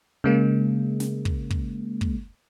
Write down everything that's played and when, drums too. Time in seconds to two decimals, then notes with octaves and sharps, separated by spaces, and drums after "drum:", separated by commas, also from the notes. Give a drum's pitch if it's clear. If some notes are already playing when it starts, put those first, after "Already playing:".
0.24 C#3 G#3 A#3
1.00 drum: snare
1.25 drum: kick
1.50 drum: kick
2.01 drum: kick